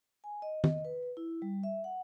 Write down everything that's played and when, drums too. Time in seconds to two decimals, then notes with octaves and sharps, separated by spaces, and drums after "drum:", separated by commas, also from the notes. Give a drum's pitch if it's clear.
0.24 G#5
0.42 D#5
0.64 D#5, drum: tom D#3
0.85 B4
1.17 E4
1.42 G3
1.63 E5
1.84 F#5